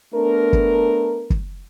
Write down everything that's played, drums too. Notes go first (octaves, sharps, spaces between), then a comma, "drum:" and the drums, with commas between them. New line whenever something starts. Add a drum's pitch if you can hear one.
A3 B3 D4 A#4
drum: kick
drum: kick